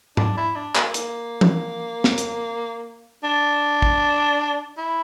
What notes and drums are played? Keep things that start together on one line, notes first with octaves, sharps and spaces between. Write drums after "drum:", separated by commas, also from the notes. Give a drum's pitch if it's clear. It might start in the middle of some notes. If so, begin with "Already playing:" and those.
D4, drum: tom G#2
E4
D4
A#3, drum: clap
A#3, drum: hi-hat
drum: tom E3
drum: snare
drum: hi-hat
D4
drum: kick
E4